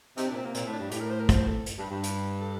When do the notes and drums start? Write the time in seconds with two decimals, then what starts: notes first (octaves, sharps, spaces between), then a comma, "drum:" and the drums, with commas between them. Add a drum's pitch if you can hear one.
0.17 C3 D#4, drum: hi-hat
0.27 A#2 D4
0.35 C4
0.42 C3 A#3
0.54 A#2 C4, drum: hi-hat
0.66 A2
0.73 D4
0.79 G2
0.91 A2 G4, drum: hi-hat
1.00 A#4
1.10 C5
1.19 A#4
1.29 C5, drum: kick, hi-hat
1.47 A4
1.66 drum: hi-hat
1.78 G2
1.91 G2
2.03 drum: hi-hat
2.41 A4